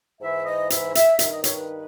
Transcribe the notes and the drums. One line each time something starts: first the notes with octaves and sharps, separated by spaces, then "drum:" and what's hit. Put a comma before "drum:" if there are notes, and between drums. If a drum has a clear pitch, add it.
G#2 E3 E5
D#5
E5, drum: hi-hat
E5, drum: hi-hat
G2 D#3 E5, drum: hi-hat
D#5
C#5, drum: hi-hat
B4